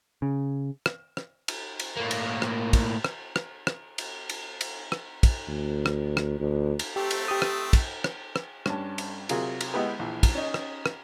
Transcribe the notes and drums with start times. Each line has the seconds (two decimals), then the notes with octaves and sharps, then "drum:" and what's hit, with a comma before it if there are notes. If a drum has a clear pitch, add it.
0.22 C#3
0.86 drum: rim click
1.17 drum: rim click
1.48 drum: cymbal
1.80 drum: cymbal
1.97 A2 A#3
2.11 drum: cymbal
2.42 drum: rim click
2.73 drum: kick, cymbal
3.04 drum: rim click
3.36 drum: rim click
3.67 drum: rim click
3.98 drum: cymbal
4.29 drum: cymbal
4.61 drum: cymbal
4.92 drum: rim click
5.23 drum: kick, cymbal
5.49 D2
5.86 drum: rim click
6.17 drum: rim click
6.40 D2
6.79 drum: cymbal
6.96 A3 C4 G4 A4
7.11 drum: cymbal
7.28 G4 D#6
7.42 drum: rim click
7.73 drum: kick, cymbal
8.04 drum: rim click
8.36 drum: rim click
8.66 G2 C#4 A5, drum: rim click
8.98 drum: cymbal
9.29 C3 F#3 F4 G#4 A#4, drum: cymbal
9.61 drum: cymbal
9.74 G#3 B3 E4 G4 B4
9.99 A#1 E3
10.23 drum: kick, cymbal
10.35 C#4 D#4
10.54 drum: rim click
10.86 drum: rim click